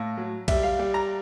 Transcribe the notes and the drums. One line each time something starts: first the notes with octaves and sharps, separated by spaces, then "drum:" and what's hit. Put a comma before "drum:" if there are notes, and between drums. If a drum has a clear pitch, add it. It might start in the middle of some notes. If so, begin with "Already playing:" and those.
Already playing: A2 F5
F#3
G3 E5, drum: kick, cymbal
F5
G3
A#5